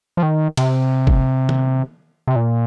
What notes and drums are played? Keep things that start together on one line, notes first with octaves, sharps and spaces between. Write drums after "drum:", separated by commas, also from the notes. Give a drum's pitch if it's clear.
F3
D#3
C3, drum: cymbal
drum: kick
drum: tom
C3
A#2